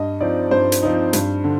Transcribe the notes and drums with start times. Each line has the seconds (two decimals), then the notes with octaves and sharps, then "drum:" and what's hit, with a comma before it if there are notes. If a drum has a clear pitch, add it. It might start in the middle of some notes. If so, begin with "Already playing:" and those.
Already playing: G2 D#5
0.21 F3 C4 D#4 D5
0.51 G2 C5
0.72 drum: hi-hat
0.82 F3 C4 D#4
1.13 G2, drum: hi-hat
1.44 D3